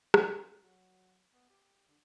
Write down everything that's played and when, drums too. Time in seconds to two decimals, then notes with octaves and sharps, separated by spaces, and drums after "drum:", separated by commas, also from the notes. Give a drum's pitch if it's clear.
0.14 C#4, drum: rim click
0.63 F#3
1.33 B3
1.50 G4
1.88 D3